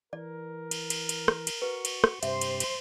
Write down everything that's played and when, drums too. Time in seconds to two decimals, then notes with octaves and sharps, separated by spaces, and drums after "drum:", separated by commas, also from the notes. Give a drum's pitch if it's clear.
0.13 E3 A#4 D5
0.71 drum: cymbal
0.90 drum: cymbal
1.09 drum: cymbal
1.28 drum: rim click
1.47 drum: cymbal
1.62 F#4 B4 C#6
1.85 drum: cymbal
2.04 drum: rim click
2.23 G2 C3 G4 C5 E5, drum: cymbal
2.41 drum: cymbal
2.60 drum: cymbal